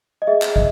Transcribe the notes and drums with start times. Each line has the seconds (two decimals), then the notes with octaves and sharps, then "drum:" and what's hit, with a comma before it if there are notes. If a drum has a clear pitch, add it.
0.22 D#5
0.27 G#4 E5
0.42 drum: clap
0.56 D#5, drum: kick